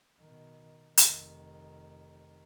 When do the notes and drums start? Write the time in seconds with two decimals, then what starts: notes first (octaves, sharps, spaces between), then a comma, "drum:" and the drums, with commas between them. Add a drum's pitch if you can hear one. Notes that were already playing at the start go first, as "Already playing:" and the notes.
0.21 B2 D#3
0.97 F1 D#3, drum: hi-hat